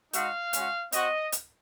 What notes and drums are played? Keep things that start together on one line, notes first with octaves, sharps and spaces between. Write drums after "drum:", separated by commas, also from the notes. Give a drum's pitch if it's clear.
G#3 D#4 F#4 F5, drum: hi-hat
G#3 C#4 F#4, drum: hi-hat
C4 F#4 D#5, drum: hi-hat
drum: hi-hat